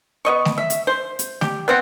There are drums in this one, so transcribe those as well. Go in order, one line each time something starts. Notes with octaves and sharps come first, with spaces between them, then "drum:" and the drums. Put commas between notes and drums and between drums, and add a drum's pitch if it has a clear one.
B3 D#5 C#6
drum: snare A3
E5
drum: hi-hat
C5
drum: hi-hat
G4, drum: snare A3
B3 C4 F#5